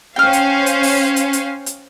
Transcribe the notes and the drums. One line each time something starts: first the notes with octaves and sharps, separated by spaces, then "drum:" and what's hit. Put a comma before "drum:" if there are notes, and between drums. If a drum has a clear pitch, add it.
C#4 C5 F5 G5 F6
drum: hi-hat
drum: hi-hat
drum: open hi-hat
drum: hi-hat
drum: hi-hat
drum: hi-hat